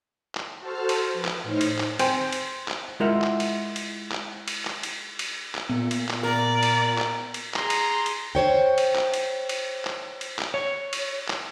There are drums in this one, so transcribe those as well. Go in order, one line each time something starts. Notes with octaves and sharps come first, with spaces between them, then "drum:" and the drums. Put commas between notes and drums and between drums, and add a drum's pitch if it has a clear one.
drum: clap
F#4 A4 C5 A5 F6
drum: cymbal
F3 B4
drum: clap
A2 D#4 C5 C#5 F6
drum: cymbal
drum: clap
C4 G5 G#5, drum: cymbal
drum: cymbal
drum: clap
G#3 E4 F4 A#4 E5 F#5
drum: clap
drum: cymbal
drum: cymbal
drum: clap
drum: cymbal
drum: clap
drum: cymbal
drum: cymbal
drum: clap
A#2 B3
drum: cymbal
drum: clap
A#4 D5
drum: cymbal
drum: clap
drum: cymbal
G#4 A#5 C6, drum: clap
drum: cymbal
drum: cymbal
C5 C#5 G5
drum: cymbal
drum: clap
drum: cymbal
drum: cymbal
drum: clap
drum: cymbal
drum: clap
C#5
drum: cymbal
drum: clap